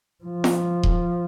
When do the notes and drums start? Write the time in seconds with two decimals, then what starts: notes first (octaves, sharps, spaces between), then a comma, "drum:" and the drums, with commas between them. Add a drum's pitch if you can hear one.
0.24 F3
0.44 drum: snare F4
0.83 drum: kick D#1